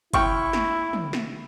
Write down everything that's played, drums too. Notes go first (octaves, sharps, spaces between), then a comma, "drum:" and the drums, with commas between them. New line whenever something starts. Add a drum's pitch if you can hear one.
E4 G5 C#6 F6, drum: kick, hi-hat
drum: snare
drum: tom
drum: snare